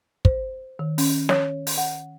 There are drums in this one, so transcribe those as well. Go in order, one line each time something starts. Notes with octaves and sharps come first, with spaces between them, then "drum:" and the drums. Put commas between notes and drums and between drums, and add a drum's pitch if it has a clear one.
C5, drum: kick
D#3
C#4, drum: open hi-hat
C#5, drum: snare
drum: open hi-hat
F#5